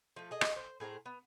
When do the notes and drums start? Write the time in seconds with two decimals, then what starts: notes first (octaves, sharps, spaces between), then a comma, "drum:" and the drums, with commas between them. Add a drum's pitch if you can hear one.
0.16 F3 A3
0.31 G#4 D#5
0.41 drum: rim click
0.56 C5
0.80 A2 G#4 C5 A#5
1.06 B3